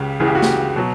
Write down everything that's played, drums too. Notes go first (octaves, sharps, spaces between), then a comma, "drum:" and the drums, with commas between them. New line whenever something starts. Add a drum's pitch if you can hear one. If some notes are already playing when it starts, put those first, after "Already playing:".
Already playing: C#2 C#3 G4
C#2 C#3 E3 G#4
G4
F#4
G4, drum: snare
B2 F#3